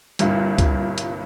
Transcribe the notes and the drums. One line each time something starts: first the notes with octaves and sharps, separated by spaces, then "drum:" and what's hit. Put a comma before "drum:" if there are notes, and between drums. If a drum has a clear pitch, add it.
G1 C2 G2 A#2, drum: hi-hat
drum: kick, hi-hat
drum: hi-hat